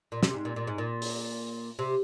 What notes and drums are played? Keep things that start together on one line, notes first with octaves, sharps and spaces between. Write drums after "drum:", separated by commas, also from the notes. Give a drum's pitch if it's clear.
A#2
C3, drum: snare
G#2
A#2
A#2
G#2
A#2
drum: open hi-hat
C3